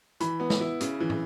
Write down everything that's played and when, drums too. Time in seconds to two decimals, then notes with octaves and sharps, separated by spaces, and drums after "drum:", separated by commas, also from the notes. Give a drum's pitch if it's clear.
0.20 E3 B5, drum: hi-hat
0.40 B3
0.50 drum: snare
0.60 E4
0.80 C#3, drum: hi-hat
1.00 E3
1.10 drum: tom